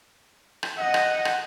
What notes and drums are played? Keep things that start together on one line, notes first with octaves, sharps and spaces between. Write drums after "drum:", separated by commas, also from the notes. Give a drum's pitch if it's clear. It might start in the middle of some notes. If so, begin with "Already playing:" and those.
drum: rim click
D#5 F#5
drum: rim click
drum: rim click